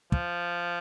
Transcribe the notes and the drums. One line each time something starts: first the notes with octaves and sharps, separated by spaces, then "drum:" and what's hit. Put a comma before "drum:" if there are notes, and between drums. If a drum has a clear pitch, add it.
F3, drum: kick